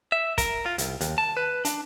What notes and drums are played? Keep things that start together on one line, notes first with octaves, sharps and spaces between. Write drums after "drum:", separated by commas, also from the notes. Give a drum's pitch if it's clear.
E5
A#4, drum: kick, hi-hat
F4
C2, drum: hi-hat
D#2, drum: hi-hat
A5
B4
D4, drum: hi-hat